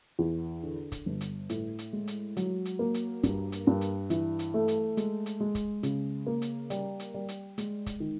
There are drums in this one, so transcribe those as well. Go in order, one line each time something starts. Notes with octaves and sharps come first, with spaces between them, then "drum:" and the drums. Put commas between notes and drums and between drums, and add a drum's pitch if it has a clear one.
E2
D3
drum: kick, hi-hat
G1
drum: hi-hat
A2, drum: hi-hat
drum: hi-hat
G#3
drum: hi-hat
F#3, drum: hi-hat
drum: hi-hat
A#3
drum: hi-hat
G2, drum: kick, hi-hat
drum: hi-hat
G2
drum: hi-hat
E3, drum: hi-hat
drum: hi-hat
A3
drum: hi-hat
G#3, drum: hi-hat
drum: hi-hat
G#3
drum: kick, hi-hat
C#3, drum: hi-hat
A#3
drum: hi-hat
G3, drum: hi-hat
drum: hi-hat
G3
drum: hi-hat
G#3, drum: hi-hat
drum: kick, hi-hat
D#3